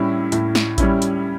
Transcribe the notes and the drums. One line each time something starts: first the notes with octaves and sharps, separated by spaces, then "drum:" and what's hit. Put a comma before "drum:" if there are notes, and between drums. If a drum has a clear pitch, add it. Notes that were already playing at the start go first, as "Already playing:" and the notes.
Already playing: A2 G3 C#4 E4
A2, drum: hi-hat
drum: snare
G3 C#4 E4, drum: kick A1, hi-hat
drum: hi-hat